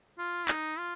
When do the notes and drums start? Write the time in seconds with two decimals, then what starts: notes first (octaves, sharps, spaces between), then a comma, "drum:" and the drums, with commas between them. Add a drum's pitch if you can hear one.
0.19 F4
0.48 D#4, drum: clap
0.78 F4